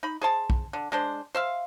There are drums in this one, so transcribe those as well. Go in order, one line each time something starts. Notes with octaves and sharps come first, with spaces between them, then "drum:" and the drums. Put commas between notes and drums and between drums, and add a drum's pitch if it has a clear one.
D#4 B5
G#4 C5 A5
drum: kick
D3
G#3 D4 C5
C5 E5 F5